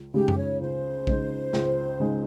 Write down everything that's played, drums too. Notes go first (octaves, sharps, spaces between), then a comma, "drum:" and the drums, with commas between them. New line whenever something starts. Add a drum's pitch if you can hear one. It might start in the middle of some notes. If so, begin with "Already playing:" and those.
Already playing: C#2
C#3 G#3 D#4 G4 G#4
drum: tom F#2
C#5
C#2 C5
C#3 G#3 D#4 G#4, drum: kick A#1
C#2, drum: snare
C#3 G#3 D#4 G#4